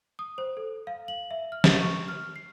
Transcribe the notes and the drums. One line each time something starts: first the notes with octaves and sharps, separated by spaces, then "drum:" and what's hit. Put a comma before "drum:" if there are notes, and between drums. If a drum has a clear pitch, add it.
D#6
C5
A4
F5
F#7
E5
F6
A6, drum: snare
C#6
F6
C7